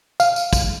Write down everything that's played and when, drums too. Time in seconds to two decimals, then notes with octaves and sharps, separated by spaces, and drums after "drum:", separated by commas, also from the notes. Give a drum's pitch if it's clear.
0.20 F5, drum: tambourine
0.36 drum: tambourine
0.53 drum: kick, tambourine